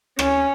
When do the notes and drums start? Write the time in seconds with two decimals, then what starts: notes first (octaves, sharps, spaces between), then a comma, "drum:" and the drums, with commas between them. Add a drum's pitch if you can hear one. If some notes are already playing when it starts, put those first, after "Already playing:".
0.19 C#4, drum: rim click